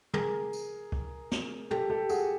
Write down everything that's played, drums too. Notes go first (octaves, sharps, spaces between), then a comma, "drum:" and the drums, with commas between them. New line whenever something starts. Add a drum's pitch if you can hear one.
G#4 A#4, drum: tom
drum: tambourine
drum: kick C#2
drum: snare
G4 A4, drum: tom
G4 A4
F#4 G#4, drum: tambourine